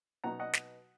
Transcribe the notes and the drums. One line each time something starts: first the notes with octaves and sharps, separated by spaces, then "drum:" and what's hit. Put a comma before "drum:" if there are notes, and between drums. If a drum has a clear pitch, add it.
B2 F#3 B3 D#4 F#5 A#5
D#5 F#5
drum: snare